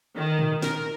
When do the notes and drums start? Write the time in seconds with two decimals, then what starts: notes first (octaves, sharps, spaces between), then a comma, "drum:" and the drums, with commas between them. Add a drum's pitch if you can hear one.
0.17 D#3
0.39 drum: tom A#2
0.62 A#4, drum: snare